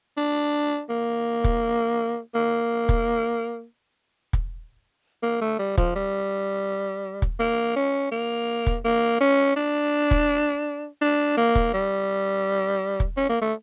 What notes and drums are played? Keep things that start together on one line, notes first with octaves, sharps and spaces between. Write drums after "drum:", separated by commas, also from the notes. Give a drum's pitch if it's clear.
D4
A#3
drum: kick
A#3
drum: kick
drum: kick
A#3
A3
G3
F3, drum: kick
G3
drum: kick
A#3
C#4
A#3
drum: kick
A#3
C#4
D4
drum: kick
D4
A#3
drum: kick
G3
drum: kick
C#4
A#3
A3